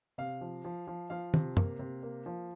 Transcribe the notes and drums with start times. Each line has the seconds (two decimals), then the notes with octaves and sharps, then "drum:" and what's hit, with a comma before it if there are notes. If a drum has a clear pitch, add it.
0.18 C3 F5
0.41 F3
0.65 F3
0.87 F3
1.10 F3 F5
1.34 C3, drum: tom
1.57 A#3, drum: tom F#2
1.79 C3
2.03 A#3
2.26 F3